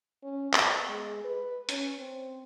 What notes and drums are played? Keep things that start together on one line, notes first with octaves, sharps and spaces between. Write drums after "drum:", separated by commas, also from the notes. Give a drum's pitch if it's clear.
C#4
B3, drum: clap
G#3
B4
C#4, drum: hi-hat
C4